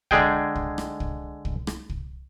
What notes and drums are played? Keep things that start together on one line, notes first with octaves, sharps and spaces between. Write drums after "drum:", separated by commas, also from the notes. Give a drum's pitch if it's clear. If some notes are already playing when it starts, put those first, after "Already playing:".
D3 G#3 G#4 G5, drum: kick
drum: kick
drum: rim click
drum: kick
drum: kick
drum: rim click
drum: kick